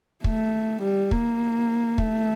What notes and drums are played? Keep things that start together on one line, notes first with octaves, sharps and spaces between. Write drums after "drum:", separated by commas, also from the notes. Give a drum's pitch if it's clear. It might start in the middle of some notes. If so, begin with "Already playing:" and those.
A3, drum: kick
G3
A#3, drum: kick
A3, drum: kick